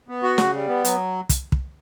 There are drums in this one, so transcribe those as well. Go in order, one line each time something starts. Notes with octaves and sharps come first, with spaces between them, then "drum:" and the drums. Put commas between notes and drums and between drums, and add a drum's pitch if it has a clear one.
B3
F#4
C#3, drum: snare
G3
B3
F#3, drum: hi-hat
drum: kick, hi-hat
drum: kick